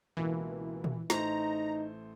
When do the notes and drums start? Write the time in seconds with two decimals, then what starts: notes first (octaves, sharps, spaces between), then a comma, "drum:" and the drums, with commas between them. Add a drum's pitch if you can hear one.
0.17 C#2 B2 E3 A#3
0.84 drum: tom A#2
1.10 A1 A3 D#4 C5 A#5, drum: snare